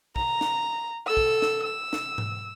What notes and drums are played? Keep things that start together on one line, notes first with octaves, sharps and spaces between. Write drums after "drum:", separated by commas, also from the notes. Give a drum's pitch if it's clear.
A#5, drum: kick
drum: snare
A4 E6
drum: kick
drum: snare
E6
drum: snare
drum: tom G#2